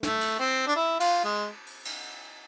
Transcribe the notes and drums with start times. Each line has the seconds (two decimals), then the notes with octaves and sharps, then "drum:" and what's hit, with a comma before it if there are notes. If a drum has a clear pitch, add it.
0.03 A3, drum: snare
0.21 drum: cymbal
0.39 C4
0.67 D4
0.76 E4
1.00 F4, drum: cymbal
1.24 G#3
1.67 drum: open hi-hat
1.85 drum: cymbal